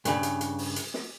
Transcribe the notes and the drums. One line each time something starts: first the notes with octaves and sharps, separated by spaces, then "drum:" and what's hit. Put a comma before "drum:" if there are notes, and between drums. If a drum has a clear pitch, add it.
G2 C#3, drum: hi-hat
drum: hi-hat
drum: hi-hat
drum: open hi-hat
drum: hi-hat
drum: snare